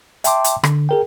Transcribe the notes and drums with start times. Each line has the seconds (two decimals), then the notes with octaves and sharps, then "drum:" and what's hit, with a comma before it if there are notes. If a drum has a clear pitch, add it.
0.24 E5 G5 A5 C6 D6, drum: hi-hat
0.44 drum: hi-hat
0.64 D3, drum: rim click
0.89 G#4 A#4 G5